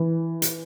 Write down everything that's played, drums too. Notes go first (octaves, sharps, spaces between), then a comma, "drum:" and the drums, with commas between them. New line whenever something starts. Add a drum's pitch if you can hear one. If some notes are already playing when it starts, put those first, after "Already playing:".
Already playing: E3
drum: hi-hat